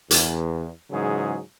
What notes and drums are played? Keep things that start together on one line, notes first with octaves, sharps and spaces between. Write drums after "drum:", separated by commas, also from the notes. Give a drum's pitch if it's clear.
E2, drum: hi-hat
G#2 C#3 E3 F#3 G#4